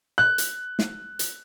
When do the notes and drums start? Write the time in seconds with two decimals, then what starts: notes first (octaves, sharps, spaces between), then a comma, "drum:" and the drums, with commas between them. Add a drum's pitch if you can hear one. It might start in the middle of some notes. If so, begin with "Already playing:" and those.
0.18 F#6
0.38 drum: hi-hat
0.79 drum: snare
1.19 drum: hi-hat